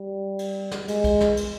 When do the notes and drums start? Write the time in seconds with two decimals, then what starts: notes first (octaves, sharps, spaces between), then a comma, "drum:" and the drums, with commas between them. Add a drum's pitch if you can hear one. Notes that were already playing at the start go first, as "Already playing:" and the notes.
Already playing: G3
0.39 drum: cymbal
0.71 drum: snare
0.88 G#3, drum: cymbal
1.04 drum: kick B1, cymbal
1.21 drum: snare
1.37 drum: cymbal